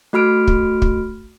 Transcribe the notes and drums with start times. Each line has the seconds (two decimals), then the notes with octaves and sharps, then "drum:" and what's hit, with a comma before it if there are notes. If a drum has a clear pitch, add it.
0.13 A3 F#4 B5 F6 D7
0.47 drum: kick
0.82 drum: kick